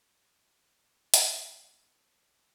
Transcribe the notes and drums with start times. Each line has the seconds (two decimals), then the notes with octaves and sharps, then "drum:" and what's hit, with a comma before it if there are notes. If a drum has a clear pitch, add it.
0.65 G4
1.14 B2 G4 B4 F5 E6, drum: hi-hat
1.98 A4 C#5